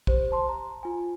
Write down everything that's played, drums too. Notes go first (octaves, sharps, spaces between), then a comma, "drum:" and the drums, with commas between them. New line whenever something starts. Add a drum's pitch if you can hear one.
G4 C5, drum: kick
C5 A5 C6
A#5
F4 G#5